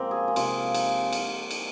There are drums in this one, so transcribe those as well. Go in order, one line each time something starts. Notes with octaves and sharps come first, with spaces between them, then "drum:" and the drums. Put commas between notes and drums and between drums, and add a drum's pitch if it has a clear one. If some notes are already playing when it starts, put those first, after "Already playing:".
Already playing: A#2 F3 G#3 A#3 C4
G#4
G#4
C3 G#3 F4, drum: cymbal
drum: cymbal
drum: cymbal
drum: cymbal